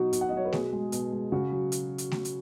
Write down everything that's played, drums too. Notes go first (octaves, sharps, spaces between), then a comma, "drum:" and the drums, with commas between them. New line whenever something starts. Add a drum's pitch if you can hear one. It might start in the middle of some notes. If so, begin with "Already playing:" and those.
Already playing: B2 F#3 D#4 F#4
B2, drum: hi-hat
F#5
D#5
F#3 C#5
B4
B2 G#4, drum: snare A3
G#3
B2, drum: hi-hat
G#3
C#3 F#4
F#3
drum: hi-hat
drum: hi-hat
drum: snare A3
drum: hi-hat